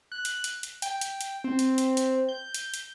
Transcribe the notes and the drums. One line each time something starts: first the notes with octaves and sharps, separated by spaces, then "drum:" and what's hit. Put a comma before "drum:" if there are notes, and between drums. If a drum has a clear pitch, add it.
F#6
drum: hi-hat
drum: hi-hat
drum: hi-hat
G5, drum: hi-hat
drum: hi-hat
drum: hi-hat
C4
drum: hi-hat
drum: hi-hat
drum: hi-hat
G6
drum: hi-hat
drum: hi-hat